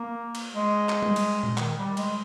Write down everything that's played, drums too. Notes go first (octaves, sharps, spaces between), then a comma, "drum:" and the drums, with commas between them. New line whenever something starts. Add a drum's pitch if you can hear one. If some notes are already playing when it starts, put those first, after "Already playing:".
Already playing: A#3
drum: cymbal
G#3
drum: clap
drum: tom G3
drum: cymbal
drum: tom A#2
D#3, drum: clap
G3
G#3, drum: cymbal